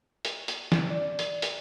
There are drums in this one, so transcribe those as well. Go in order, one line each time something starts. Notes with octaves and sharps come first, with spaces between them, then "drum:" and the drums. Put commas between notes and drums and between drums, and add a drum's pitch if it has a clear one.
drum: hi-hat
drum: hi-hat
E3, drum: snare
D5
drum: hi-hat
drum: hi-hat